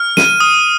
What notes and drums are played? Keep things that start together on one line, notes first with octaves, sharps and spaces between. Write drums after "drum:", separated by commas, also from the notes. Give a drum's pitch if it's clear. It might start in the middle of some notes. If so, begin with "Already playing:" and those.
Already playing: F6
D#7, drum: snare
D#6